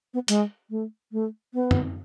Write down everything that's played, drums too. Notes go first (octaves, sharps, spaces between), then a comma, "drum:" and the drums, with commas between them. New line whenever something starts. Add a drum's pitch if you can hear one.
B3
G#3, drum: hi-hat
A3
A3
B3
drum: tom F#2